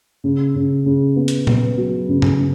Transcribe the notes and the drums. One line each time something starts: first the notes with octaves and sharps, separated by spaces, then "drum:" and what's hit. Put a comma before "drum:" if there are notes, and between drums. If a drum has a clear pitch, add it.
C#3
C#3
C#3
B3
drum: hi-hat
B3, drum: tom A#2
F#3
C#3
drum: tom G2
C#3